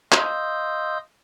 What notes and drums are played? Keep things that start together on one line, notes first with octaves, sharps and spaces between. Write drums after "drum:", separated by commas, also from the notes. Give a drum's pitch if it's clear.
D#5 F5 C6 D#6 E6 G6, drum: clap